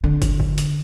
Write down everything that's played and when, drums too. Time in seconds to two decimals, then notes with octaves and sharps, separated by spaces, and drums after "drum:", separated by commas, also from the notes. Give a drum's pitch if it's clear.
0.04 D3
0.22 drum: kick, hi-hat
0.40 drum: kick
0.58 drum: hi-hat